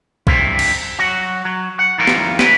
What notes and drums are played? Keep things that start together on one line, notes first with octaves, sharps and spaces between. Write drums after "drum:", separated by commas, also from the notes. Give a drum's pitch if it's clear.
G2 C3 C4 E4, drum: kick B1
drum: cymbal
F#3 F#4
F#3
F#5
F2 D#3 G3 E4 F4 A#4
drum: snare
C3 E4 B4, drum: snare